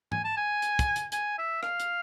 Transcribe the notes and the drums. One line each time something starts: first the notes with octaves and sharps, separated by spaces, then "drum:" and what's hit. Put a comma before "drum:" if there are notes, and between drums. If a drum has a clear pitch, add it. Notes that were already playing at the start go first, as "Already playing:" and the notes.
G#5, drum: tom G#2
A5
G#5
drum: hi-hat
drum: kick, hi-hat
drum: hi-hat
G#5, drum: hi-hat
E5
F5, drum: rim click
drum: hi-hat